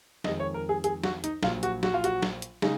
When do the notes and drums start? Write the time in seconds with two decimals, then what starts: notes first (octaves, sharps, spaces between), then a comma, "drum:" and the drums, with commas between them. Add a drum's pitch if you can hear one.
0.24 F2 D#3 G#3 D#5, drum: snare
0.40 C#5
0.54 A#4
0.69 G#4
0.84 G#4, drum: hi-hat
1.04 F#4, drum: snare
1.24 D#4, drum: hi-hat
1.43 A#1 A#2 F#3 F4, drum: snare
1.63 F#4, drum: hi-hat
1.83 F#4, drum: snare
1.94 F4
2.04 F#4, drum: hi-hat
2.22 drum: snare
2.42 drum: hi-hat
2.62 C#3 G#3 D#4, drum: snare